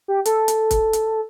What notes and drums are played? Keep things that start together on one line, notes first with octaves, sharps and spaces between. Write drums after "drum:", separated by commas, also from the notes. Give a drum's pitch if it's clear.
G4
A4, drum: hi-hat
drum: hi-hat
drum: kick, hi-hat
drum: hi-hat